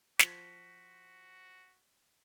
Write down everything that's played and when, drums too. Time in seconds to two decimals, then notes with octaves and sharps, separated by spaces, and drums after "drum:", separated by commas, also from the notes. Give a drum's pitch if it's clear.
0.19 F3 F#4 C5 B6, drum: snare